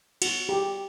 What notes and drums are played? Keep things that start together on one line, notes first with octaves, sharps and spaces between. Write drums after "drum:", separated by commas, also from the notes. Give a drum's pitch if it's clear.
F#4, drum: cymbal
G4